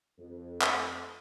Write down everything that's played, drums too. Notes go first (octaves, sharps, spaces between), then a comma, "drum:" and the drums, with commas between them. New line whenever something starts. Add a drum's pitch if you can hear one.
F2
drum: clap